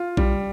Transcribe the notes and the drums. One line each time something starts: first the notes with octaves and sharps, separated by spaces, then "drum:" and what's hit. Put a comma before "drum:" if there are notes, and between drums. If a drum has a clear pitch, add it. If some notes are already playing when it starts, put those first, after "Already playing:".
Already playing: F4
G3, drum: kick A#1